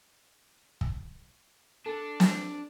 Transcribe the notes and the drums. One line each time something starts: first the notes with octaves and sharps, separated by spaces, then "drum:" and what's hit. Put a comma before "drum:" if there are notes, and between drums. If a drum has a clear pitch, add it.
drum: kick
D4 A4
drum: snare